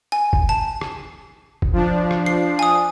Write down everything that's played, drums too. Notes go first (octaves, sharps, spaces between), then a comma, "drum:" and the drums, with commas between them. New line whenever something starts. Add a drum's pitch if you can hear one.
G#5
drum: kick
A5
drum: rim click
drum: kick
F3 D4
drum: rim click
C7
G#5 D#6